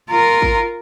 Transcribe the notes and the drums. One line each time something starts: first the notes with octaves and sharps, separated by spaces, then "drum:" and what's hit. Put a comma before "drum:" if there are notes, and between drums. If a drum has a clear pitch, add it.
F4 A#4
drum: kick G#1